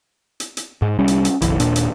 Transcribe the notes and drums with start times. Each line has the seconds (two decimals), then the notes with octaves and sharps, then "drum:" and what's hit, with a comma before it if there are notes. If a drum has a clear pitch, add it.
0.40 drum: hi-hat
0.57 drum: hi-hat
0.82 G#2
0.99 C2 G3 C#4
1.08 drum: hi-hat
1.25 drum: hi-hat
1.42 F#1 B1 E3, drum: hi-hat
1.60 D#1 A#2 D4, drum: hi-hat
1.76 drum: hi-hat